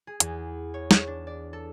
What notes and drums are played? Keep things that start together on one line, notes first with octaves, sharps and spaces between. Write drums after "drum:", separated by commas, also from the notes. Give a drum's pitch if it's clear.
G#4
E2, drum: hi-hat
C#5
drum: snare
D4
D5
A4